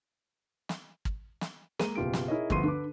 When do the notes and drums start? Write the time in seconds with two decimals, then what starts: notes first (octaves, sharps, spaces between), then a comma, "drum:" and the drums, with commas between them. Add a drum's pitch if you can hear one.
0.69 drum: snare
1.05 drum: kick
1.41 drum: snare
1.79 G#3 A#3 A#4 D#7, drum: snare
1.95 F#1 B2 F4 G4 D7
2.13 drum: snare
2.28 D#4 E4 G#4 A#4 C#5 D#5
2.50 D2 G2 F3 B3 C6 D#7, drum: kick
2.64 D3 B4 D6